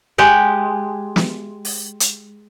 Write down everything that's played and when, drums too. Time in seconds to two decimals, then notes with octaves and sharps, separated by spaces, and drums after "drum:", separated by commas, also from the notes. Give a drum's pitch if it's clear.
0.18 G#3 G4 F#5
1.16 drum: snare
1.65 drum: open hi-hat
2.00 drum: hi-hat